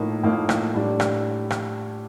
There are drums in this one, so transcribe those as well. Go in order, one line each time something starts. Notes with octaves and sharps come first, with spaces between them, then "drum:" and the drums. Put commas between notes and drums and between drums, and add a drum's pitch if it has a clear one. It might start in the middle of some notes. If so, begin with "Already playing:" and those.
Already playing: A2 F3 A#3 D#4
A2 F3 A#3 D#4
drum: rim click
A2 G3 D4
drum: rim click
drum: rim click